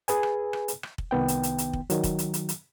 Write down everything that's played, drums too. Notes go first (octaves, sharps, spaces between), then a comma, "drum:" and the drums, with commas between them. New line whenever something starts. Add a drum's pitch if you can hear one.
G#4 B4 G#5, drum: hi-hat
drum: rim click
drum: rim click
drum: hi-hat
drum: rim click
drum: kick
C2 D#3 B3 G5
drum: hi-hat
drum: hi-hat
drum: hi-hat
drum: kick
D#3 F#3, drum: hi-hat
drum: kick, hi-hat
drum: hi-hat
drum: hi-hat
drum: hi-hat